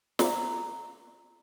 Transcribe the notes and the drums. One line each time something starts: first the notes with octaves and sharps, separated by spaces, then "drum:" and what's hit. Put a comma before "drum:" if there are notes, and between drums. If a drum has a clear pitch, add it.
A#5, drum: snare